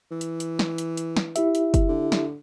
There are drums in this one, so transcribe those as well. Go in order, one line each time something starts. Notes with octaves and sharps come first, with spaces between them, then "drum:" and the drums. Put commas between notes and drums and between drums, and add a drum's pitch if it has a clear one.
E3
drum: hi-hat
drum: hi-hat
drum: snare
drum: hi-hat
drum: hi-hat
drum: snare
E4 G4 E5, drum: hi-hat
drum: hi-hat
drum: kick, hi-hat
D3
drum: snare